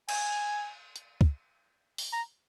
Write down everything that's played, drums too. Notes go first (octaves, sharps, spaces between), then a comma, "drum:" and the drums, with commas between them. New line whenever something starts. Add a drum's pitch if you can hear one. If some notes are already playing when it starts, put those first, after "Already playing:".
G#5, drum: cymbal
drum: hi-hat
drum: kick
drum: open hi-hat
A#5